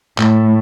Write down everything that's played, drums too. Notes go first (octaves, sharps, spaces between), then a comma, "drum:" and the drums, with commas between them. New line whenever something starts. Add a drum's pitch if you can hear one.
A2, drum: clap